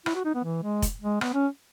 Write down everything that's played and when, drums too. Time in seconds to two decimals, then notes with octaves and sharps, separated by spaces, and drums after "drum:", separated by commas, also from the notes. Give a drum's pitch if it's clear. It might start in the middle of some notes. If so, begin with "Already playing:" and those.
0.06 E4, drum: rim click
0.15 F#4
0.25 D#4
0.35 B3
0.44 E3
0.63 G#3
0.82 drum: kick F1, hi-hat
1.02 G#3
1.21 B3, drum: rim click
1.34 C#4